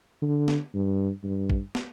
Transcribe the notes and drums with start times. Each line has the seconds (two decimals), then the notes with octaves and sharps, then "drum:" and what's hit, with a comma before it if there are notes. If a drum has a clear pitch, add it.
0.22 D3
0.48 drum: snare
0.74 G2
1.24 G2
1.50 drum: kick A1
1.75 drum: snare